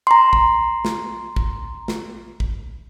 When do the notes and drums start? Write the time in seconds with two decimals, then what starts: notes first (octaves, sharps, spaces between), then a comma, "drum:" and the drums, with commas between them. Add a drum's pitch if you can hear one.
0.07 A#5 C6
0.33 drum: kick
0.85 drum: snare
1.36 drum: kick
1.88 drum: snare
2.40 drum: kick